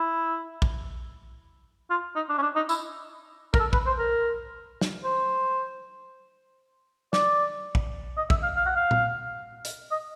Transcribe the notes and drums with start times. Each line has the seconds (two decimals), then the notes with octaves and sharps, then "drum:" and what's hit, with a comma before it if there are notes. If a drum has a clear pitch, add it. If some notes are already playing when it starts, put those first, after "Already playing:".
Already playing: E4
0.62 drum: kick
1.90 F4
2.16 D#4
2.29 D4
2.38 C#4
2.42 D4
2.56 D#4
2.69 E4, drum: tambourine
3.54 A#4, drum: kick
3.59 A4
3.73 B4, drum: kick
3.86 C5
3.99 A#4
4.81 drum: snare
5.04 C5
7.13 D5, drum: snare
7.75 drum: kick
8.17 D#5
8.30 E5, drum: kick
8.43 F5
8.56 F5
8.66 F#5
8.76 F5
8.91 drum: tom A#2
9.65 drum: hi-hat
9.91 D#5